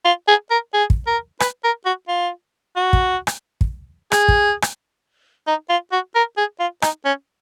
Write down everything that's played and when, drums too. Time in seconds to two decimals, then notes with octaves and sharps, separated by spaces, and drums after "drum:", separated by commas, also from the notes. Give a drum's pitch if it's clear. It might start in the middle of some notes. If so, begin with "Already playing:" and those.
0.05 F4
0.28 G#4
0.50 A#4
0.74 G#4
0.90 drum: kick
1.07 A#4
1.40 B4, drum: rim click
1.64 A#4
1.85 F#4
2.08 F4
2.76 F#4
2.93 drum: kick
3.27 drum: rim click
3.61 drum: kick
4.12 G#4, drum: rim click
4.28 drum: kick
4.62 drum: rim click
5.47 D#4
5.69 F4
5.92 F#4
6.15 A#4
6.37 G#4
6.59 F4
6.82 D#4, drum: rim click
7.05 C#4